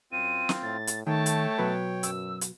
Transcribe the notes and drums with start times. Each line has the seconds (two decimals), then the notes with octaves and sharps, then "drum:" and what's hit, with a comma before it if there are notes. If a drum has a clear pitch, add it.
0.12 F#2 C4 F4 D#7
0.49 drum: snare
0.63 A2 A6
0.87 drum: hi-hat
1.07 D#3 A3 C#5 G5 A5
1.26 drum: hi-hat
1.59 B2 F#3 B4
2.03 F#2 E6, drum: hi-hat
2.41 drum: hi-hat